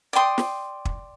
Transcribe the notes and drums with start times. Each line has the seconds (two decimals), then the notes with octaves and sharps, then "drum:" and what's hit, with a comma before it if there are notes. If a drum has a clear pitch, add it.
0.13 D5 G5 C6 D#6
0.38 drum: snare
0.85 drum: kick